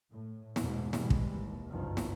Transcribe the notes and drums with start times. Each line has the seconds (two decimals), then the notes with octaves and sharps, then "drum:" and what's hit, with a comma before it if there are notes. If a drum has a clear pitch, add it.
0.12 A2
0.56 E2 G#2 B2, drum: snare
0.93 B2 E3 G3 G#3, drum: snare
1.10 drum: kick
1.32 D#2
1.70 F#1 C2 G2 B2 D#3 F3
1.97 drum: snare